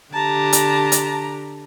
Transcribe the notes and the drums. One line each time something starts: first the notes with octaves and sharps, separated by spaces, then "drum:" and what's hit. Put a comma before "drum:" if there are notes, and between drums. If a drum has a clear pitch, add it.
D3 G4 A5 A#5
drum: hi-hat
drum: hi-hat